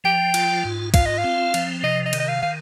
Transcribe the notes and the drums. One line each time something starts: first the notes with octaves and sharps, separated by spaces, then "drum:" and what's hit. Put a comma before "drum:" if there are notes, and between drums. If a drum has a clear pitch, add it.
F3 G5
F4, drum: cymbal
G#2
F4 F5, drum: kick, cymbal
D#5
F5
C4
F3, drum: cymbal
C3 D#5
D#5
D#3, drum: cymbal
D#5
F5
D#3 F5